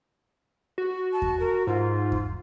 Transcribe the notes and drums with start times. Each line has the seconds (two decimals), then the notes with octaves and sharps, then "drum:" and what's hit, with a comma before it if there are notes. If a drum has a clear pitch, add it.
0.78 F#4
1.13 A5
1.22 drum: kick E2
1.40 A#4
1.67 G#2 F4
2.12 drum: kick E2